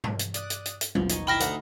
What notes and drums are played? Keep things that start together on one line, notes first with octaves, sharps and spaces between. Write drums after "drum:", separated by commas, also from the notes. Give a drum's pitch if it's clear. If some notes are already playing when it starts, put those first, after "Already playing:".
drum: tom G2
drum: hi-hat
D5 D#6 F#6, drum: hi-hat
drum: hi-hat
drum: hi-hat
drum: hi-hat
A1 D#2 B2 F3, drum: tom F#3
D#4 G#5 C#6, drum: hi-hat
E4 G5 B5 F6 A#6
D2 F#5 A#5, drum: hi-hat